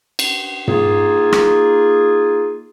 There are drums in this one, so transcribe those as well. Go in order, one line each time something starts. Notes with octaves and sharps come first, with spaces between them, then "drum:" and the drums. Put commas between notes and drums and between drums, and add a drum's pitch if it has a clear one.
drum: cymbal
A#3 D#4 F4 G#4, drum: tom
drum: rim click